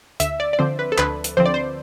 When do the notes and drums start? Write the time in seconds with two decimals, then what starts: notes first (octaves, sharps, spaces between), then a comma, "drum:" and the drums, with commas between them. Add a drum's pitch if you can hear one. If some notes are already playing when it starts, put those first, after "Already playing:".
0.20 D2 E5, drum: hi-hat
0.40 D5
0.53 D5
0.59 D3 F3 C4 C5
0.79 B4
0.92 A4
0.98 D2 B4, drum: clap
1.24 drum: hi-hat
1.37 D3 F3 C4 C5
1.46 D5
1.54 C5